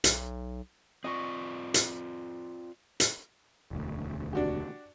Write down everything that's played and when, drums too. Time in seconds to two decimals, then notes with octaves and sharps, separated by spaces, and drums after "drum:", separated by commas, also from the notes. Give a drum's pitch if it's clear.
0.04 B1, drum: hi-hat
1.04 C4 F4 D5 D#5 C#6
1.74 drum: hi-hat
3.00 drum: hi-hat
3.71 E1 D2
4.33 D4 F#4 G4